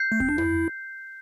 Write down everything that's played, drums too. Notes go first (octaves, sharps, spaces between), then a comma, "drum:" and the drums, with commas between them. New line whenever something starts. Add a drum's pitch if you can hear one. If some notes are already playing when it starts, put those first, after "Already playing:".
Already playing: G6 C7
A3
C4, drum: kick D#2
D4
E4, drum: tom F2